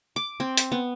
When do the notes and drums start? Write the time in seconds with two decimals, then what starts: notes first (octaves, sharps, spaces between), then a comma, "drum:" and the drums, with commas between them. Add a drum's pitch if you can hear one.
0.16 D6
0.40 C4
0.57 drum: hi-hat
0.72 B3